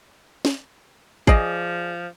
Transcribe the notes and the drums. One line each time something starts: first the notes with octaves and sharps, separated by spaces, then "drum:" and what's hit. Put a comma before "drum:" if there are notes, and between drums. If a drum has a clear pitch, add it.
drum: snare
F3 G#4 D5 D#5, drum: kick G#1